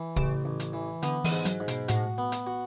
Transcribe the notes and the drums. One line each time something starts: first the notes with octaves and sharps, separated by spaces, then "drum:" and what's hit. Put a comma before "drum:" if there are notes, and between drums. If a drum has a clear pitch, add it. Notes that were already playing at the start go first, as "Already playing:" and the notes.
Already playing: E3
A1 C#3, drum: kick
A1
drum: hi-hat
E3
D3 B3, drum: hi-hat
E3, drum: open hi-hat
G#2
F#3, drum: hi-hat
G#2
B2, drum: hi-hat
A2 F#4, drum: hi-hat
B3
drum: hi-hat
F#4